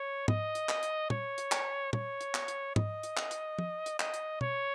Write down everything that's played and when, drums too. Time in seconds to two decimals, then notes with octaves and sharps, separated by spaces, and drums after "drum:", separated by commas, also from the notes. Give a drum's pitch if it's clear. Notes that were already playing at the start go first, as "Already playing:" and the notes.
Already playing: C#5
0.28 D#5, drum: tom
0.55 drum: hi-hat
0.69 drum: clap
0.83 drum: hi-hat
1.10 C#5, drum: tom
1.38 drum: hi-hat
1.52 drum: clap
1.93 C#5, drum: tom
2.21 drum: hi-hat
2.34 drum: clap
2.48 drum: hi-hat
2.76 D#5, drum: tom
3.03 drum: hi-hat
3.17 drum: clap
3.31 drum: hi-hat
3.59 drum: tom
3.86 drum: hi-hat
4.00 D#5, drum: clap
4.14 drum: hi-hat
4.41 C#5, drum: tom